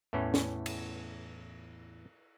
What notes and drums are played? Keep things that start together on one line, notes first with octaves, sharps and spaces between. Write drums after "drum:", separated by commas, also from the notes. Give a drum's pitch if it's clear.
E2 A2 E3 C#4
drum: snare
drum: cymbal